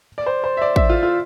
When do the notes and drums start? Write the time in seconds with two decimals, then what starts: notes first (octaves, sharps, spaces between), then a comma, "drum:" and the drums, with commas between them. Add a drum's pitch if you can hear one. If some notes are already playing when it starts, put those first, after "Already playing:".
0.18 D5
0.26 C5
0.44 C5
0.57 E5
0.62 D5
0.76 E5, drum: kick A1
0.89 F4
1.03 F4